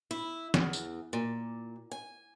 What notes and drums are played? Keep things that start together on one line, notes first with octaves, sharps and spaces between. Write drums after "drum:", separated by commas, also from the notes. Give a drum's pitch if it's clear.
E4
E2, drum: snare
drum: tambourine
A#2
G#5